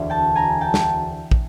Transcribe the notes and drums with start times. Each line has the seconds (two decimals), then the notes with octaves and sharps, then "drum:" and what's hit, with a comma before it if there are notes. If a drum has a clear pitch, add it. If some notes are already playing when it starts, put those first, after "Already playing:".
Already playing: E1 D2 D3 E5
0.10 G5 A5
0.36 G#5 A#5
0.61 G5 A5
0.74 drum: snare
1.31 drum: kick